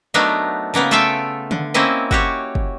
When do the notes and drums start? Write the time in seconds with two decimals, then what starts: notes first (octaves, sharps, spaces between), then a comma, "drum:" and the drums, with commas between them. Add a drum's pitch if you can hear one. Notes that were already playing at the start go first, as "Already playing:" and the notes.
0.14 F#3 A3 B3 D4 D#4 A#4
0.74 C#3 A#3 B3 A#4
0.91 A3 F4 A4 E5 F5 G5
1.51 D3, drum: tom
1.74 A#3 C4 C#4 E4 D#5
2.11 F#4 G4 C#5, drum: kick
2.55 drum: kick